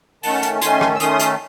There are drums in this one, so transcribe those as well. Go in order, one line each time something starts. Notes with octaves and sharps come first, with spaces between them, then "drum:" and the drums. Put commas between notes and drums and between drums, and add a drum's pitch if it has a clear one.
D#3 A3 C#4 F#5 A5, drum: open hi-hat
drum: hi-hat
D#3 A3 C#4 G#5 C6, drum: hi-hat
drum: rim click
E6
D#3 A3 C#4 C6 D#6, drum: hi-hat
drum: hi-hat